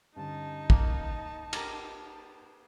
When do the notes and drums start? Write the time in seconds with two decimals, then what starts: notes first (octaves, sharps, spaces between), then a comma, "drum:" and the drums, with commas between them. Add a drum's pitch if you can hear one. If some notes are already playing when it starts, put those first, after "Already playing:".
0.16 G2 D3 C#4 D#4 A5
0.70 A#3, drum: kick
1.53 G4 A#4 G#6 A6, drum: cymbal